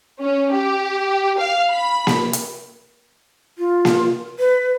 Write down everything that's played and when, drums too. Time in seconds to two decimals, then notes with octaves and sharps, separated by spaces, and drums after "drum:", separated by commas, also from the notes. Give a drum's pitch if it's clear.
0.21 C#4
0.52 G4
1.38 F5
1.73 B5
2.07 drum: snare A#3
2.33 drum: hi-hat
3.58 F4
3.85 drum: snare A#3
4.39 B4